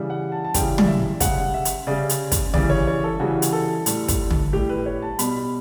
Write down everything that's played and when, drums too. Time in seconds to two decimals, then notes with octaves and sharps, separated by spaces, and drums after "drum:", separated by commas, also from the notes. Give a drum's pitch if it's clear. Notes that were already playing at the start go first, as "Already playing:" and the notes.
Already playing: C#3 E3 G3
0.10 F#5
0.32 A5
0.45 A5
0.54 C#3 E3 G3 G5, drum: kick, hi-hat
0.78 D5, drum: tom
0.88 E5
1.20 C#3 G3 F#5, drum: kick, hi-hat
1.54 E5
1.65 drum: hi-hat
1.87 C#3 G3 D5
2.09 drum: hi-hat
2.32 drum: kick, hi-hat
2.54 C#3 E3 G3 D5, drum: tom
2.70 C#5
2.87 C#5
3.04 A4
3.20 C#3 E3 G3 F#4
3.42 drum: hi-hat
3.53 A4
3.86 A2 G3, drum: hi-hat
4.08 drum: kick, hi-hat
4.30 drum: tom
4.53 A2 G3 G4
4.69 B4
4.86 C#5
5.02 A5
5.19 B2 G3 B5, drum: hi-hat